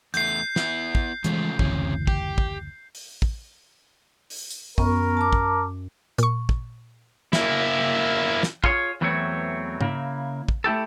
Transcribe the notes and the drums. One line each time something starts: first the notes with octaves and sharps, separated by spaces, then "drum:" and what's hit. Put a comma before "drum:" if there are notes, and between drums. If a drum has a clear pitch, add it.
E2 A3 G6 C7, drum: hi-hat
B3 E4, drum: snare
drum: kick
C#3 E3 F3 G#3 A3, drum: hi-hat
F#1 D2 C3 E3 C#4, drum: kick
G4, drum: kick
drum: kick
drum: open hi-hat
drum: kick
drum: open hi-hat
drum: tambourine
F#2 B3 A#4 C#6, drum: kick
A5 D6
drum: kick
A#2 C#6, drum: hi-hat
drum: kick
A#3 E4, drum: snare
drum: snare
F4 G#4 C#5, drum: kick
E2 E3 F#3 A3 C4 C#5
C#3 A#3 E4, drum: tom G#2
drum: kick
A3 E4 G4 A4